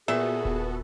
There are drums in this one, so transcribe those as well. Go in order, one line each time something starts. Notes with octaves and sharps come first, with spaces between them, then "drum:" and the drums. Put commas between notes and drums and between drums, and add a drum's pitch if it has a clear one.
A#2 B3 F#4 G#4 A4 E5
drum: kick D#1